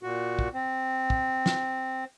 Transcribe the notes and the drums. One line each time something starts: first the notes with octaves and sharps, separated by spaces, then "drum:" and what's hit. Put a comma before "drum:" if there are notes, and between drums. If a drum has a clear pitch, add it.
A#2 F#4
drum: kick
C4
drum: kick
drum: snare